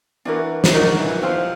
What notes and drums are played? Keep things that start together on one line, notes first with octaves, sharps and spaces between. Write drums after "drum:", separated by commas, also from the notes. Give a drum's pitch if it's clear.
E3 D4 F#4 A#4
drum: snare
D#3 D4 F#4 A#4
E3
F3 E4 G4 C5